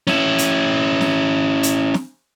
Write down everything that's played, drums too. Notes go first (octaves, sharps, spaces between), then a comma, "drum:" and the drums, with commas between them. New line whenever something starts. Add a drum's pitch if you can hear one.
C#4 E4, drum: snare
drum: hi-hat
drum: snare
drum: hi-hat
drum: snare